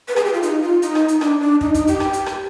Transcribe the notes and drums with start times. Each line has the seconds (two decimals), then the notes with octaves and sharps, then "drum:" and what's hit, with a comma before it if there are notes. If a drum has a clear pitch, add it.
0.08 B4
0.16 G#4, drum: rim click
0.25 G4
0.33 F4
0.43 D#4, drum: hi-hat
0.62 F4
0.82 D#4, drum: hi-hat
0.95 drum: rim click
1.08 drum: hi-hat
1.21 D4, drum: rim click
1.42 D4
1.61 D#4, drum: kick
1.74 D#4, drum: kick, hi-hat
1.87 G4, drum: hi-hat
2.00 drum: rim click
2.13 drum: hi-hat
2.26 drum: rim click